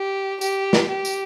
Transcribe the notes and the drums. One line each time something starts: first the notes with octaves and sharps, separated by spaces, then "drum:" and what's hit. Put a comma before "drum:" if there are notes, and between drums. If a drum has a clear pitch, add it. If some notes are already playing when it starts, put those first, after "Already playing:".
Already playing: G4
G4, drum: tambourine
drum: snare
G4
drum: tambourine